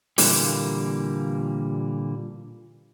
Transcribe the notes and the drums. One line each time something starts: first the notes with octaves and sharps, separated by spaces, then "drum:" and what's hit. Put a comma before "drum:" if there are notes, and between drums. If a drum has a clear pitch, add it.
A#2 D3 E3 G3 A#3, drum: open hi-hat